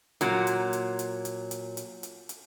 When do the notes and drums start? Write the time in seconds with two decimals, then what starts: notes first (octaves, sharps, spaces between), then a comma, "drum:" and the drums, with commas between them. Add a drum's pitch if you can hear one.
0.21 A#2 F#3, drum: hi-hat
0.47 drum: hi-hat
0.73 drum: hi-hat
0.99 drum: hi-hat
1.25 drum: hi-hat
1.51 drum: hi-hat
1.77 drum: hi-hat
2.03 drum: hi-hat
2.29 drum: hi-hat